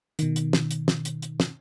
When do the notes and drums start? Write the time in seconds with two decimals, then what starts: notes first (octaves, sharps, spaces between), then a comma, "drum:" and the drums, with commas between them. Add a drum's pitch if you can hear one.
0.19 B2 D#3, drum: hi-hat
0.36 drum: hi-hat
0.53 drum: snare
0.71 drum: hi-hat
0.88 drum: snare
1.05 drum: hi-hat
1.22 drum: hi-hat
1.40 drum: snare